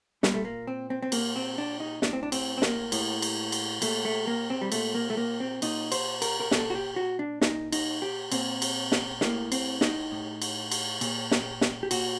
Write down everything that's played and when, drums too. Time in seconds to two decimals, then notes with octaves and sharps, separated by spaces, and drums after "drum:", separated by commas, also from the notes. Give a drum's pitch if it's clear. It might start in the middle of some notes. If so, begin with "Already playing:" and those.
0.23 A#2 G3, drum: snare
0.34 A3
0.45 A#3
0.67 C4
0.90 C4
1.02 C4
1.12 A#2 A#3, drum: cymbal
1.36 C4
1.58 D4
1.80 D#4
2.02 A2 D4, drum: snare
2.13 C4
2.23 D4
2.32 C4, drum: cymbal
2.58 C4
2.62 A#3, drum: snare
2.92 A2, drum: cymbal
3.22 drum: cymbal
3.52 drum: cymbal
3.82 A#2 A3, drum: cymbal
4.05 A3
4.27 A#3
4.50 C4
4.61 G3
4.72 A#2 A3, drum: cymbal
4.95 A#3
5.10 A3
5.17 A#3
5.40 C4
5.62 A#2 D#4, drum: cymbal
5.92 C5, drum: cymbal
6.22 A#4, drum: cymbal
6.40 A#4
6.51 A#2 A4, drum: snare
6.70 F#4
6.75 G4
6.96 F#4
7.19 D4
7.41 A#2 D#4, drum: snare
7.72 D#4, drum: cymbal
8.02 G4
8.32 A#2 C4, drum: cymbal
8.62 drum: cymbal
8.92 drum: snare
9.21 A2 A#3, drum: snare
9.52 C4, drum: cymbal
9.81 D#4, drum: snare
10.12 A2
10.42 drum: cymbal
10.72 drum: cymbal
11.01 A#2, drum: cymbal
11.31 drum: snare
11.61 drum: snare
11.83 G4
11.91 A#2 F#4, drum: cymbal